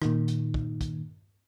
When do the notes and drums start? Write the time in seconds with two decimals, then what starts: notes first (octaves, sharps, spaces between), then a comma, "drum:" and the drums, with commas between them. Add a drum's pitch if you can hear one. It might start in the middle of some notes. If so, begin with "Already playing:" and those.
0.02 A#2 D#3, drum: rim click
0.28 drum: hi-hat
0.54 drum: kick
0.81 drum: kick, hi-hat